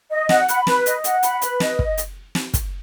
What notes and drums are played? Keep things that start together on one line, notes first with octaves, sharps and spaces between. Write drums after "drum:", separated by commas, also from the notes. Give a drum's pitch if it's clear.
D#5
F#5, drum: snare
B5, drum: hi-hat
B4, drum: snare
D#5, drum: hi-hat
F#5, drum: hi-hat
B5, drum: hi-hat
B4, drum: hi-hat
D#5, drum: snare
drum: kick
drum: hi-hat
drum: snare
drum: kick, hi-hat